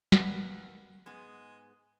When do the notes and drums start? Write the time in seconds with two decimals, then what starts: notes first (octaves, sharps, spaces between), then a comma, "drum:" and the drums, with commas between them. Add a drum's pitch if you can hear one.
0.12 D#2 A#4 B4 F#5, drum: snare
1.06 G#2 G#3 B3 G#4